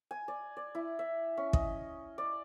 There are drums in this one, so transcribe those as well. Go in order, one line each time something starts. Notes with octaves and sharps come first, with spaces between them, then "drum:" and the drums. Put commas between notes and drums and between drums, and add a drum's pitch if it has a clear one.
G#5
D5
D5
E4
E5
C#4
D#5, drum: kick
D5